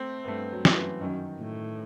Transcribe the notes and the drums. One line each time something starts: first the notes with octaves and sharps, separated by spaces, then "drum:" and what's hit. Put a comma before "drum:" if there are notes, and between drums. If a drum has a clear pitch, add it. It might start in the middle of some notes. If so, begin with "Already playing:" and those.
Already playing: A3 C4
B3
G2 A3
F#3
F#2, drum: snare
E3
F#2 D#3
A2